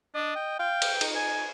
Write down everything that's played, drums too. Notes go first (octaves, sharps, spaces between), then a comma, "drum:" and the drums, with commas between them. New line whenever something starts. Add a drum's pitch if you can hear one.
D4 D#5
G5
F5 G5
drum: cymbal
D#4, drum: cymbal
G#5